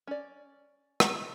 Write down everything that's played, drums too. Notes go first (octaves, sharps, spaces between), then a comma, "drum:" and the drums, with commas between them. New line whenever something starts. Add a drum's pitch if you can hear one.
C#4 D5
drum: rim click